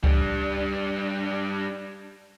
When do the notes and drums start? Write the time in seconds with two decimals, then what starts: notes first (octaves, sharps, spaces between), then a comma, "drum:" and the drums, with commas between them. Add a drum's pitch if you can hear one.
0.04 G3 D4, drum: kick C#2